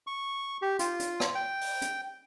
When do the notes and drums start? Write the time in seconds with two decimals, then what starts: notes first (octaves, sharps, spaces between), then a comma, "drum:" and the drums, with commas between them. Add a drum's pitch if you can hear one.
0.07 C#6
0.62 G4
0.79 F4, drum: hi-hat
1.00 drum: hi-hat
1.20 drum: rim click
1.35 G5
1.61 drum: open hi-hat
1.82 drum: hi-hat